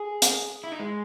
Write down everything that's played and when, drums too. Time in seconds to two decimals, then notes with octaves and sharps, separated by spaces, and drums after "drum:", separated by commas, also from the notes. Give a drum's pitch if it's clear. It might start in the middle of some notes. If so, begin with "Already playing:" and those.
Already playing: G#4
0.22 drum: hi-hat
0.64 E4
0.72 D#4
0.80 G#3